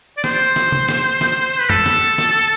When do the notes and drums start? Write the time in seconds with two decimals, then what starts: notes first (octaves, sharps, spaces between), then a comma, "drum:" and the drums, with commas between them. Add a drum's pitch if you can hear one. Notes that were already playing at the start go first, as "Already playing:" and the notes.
0.17 D5
0.24 C5, drum: snare
0.56 drum: snare
0.72 drum: tom C3
0.89 drum: snare
1.21 drum: snare
1.60 B4
1.70 A4, drum: tom F2
1.86 drum: snare
2.18 drum: snare